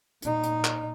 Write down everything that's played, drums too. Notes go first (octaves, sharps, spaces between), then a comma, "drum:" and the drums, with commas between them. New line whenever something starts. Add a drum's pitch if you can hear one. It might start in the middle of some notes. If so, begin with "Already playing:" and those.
A#2 D#4, drum: hi-hat
drum: hi-hat
drum: clap